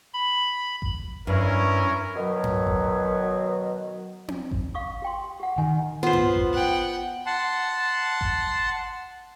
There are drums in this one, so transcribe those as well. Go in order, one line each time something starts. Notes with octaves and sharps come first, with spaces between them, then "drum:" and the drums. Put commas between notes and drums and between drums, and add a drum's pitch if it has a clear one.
B5
drum: kick G#1
G2 C#4 E4 A#4
B2 D#3 F#3
drum: tom G2
drum: kick G#1
drum: tom C4
drum: kick G#1
F5 C#6 D#6
G4 G5 C6
G4 F#5
D#3 G#5
B3 F4 C5
drum: tom G2
drum: kick G#1
F#5 G5
F#5 A5 C6
drum: kick G#1